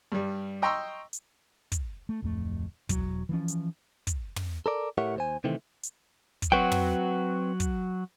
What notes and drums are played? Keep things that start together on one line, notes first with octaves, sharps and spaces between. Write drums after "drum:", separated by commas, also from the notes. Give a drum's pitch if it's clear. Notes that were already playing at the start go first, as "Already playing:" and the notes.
G2 G3
D#5 G5 A#5 C6 C#6 E6
drum: hi-hat
drum: kick, hi-hat
A3
D1 F2 A3
E1 F#3, drum: kick, hi-hat
E3 F3 C#4
drum: hi-hat
drum: kick, hi-hat
drum: tom
A4 A#4 D5
A2 G4 A#4 C#5 E5 F#5
D#2 C5 G#5
C3 D#3 E3 A3 C4
drum: hi-hat
drum: kick, hi-hat
F#3 C4 F#4 B4 G5
drum: tom
drum: kick, hi-hat